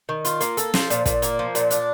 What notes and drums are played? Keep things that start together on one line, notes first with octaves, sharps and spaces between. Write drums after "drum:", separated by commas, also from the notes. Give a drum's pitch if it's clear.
D#3
F4, drum: hi-hat
A#3, drum: hi-hat
A4, drum: hi-hat
F3, drum: snare
A#2, drum: hi-hat
A#2, drum: kick, hi-hat
A#3, drum: hi-hat
F3
A#2, drum: hi-hat
D4, drum: hi-hat